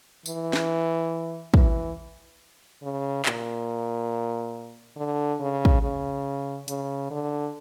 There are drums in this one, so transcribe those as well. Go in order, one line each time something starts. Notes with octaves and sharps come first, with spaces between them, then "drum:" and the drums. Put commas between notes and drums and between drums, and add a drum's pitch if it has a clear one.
E3, drum: tambourine
drum: snare
E3, drum: kick
C#3
A#2, drum: clap
D3
C#3
drum: kick
C#3
C#3, drum: hi-hat
D3